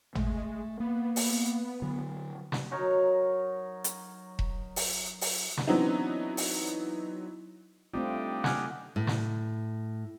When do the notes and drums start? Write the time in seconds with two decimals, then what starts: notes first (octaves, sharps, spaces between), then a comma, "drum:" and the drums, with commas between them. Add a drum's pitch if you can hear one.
0.15 G#3 A3, drum: tom G#1
0.80 A#3 B3
1.16 drum: open hi-hat
1.82 D3 F#3
2.52 drum: snare
2.71 F#3 D#4 A#4 C#5
3.84 drum: hi-hat
4.39 drum: kick E1
4.76 drum: open hi-hat
5.21 drum: open hi-hat
5.57 drum: snare
5.67 E3 F#3 B3 C4 D4 D#4
6.37 drum: open hi-hat
7.94 G3 A3 C4 D4 D#4 F4
8.44 F#5 G#5 F6, drum: snare
8.96 A2
9.07 drum: snare